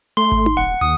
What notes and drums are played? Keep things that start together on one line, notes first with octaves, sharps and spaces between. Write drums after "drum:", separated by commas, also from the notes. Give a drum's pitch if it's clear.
A3 C6
drum: kick G#1
drum: tom D#4
D#1 F#5
D#2 D#6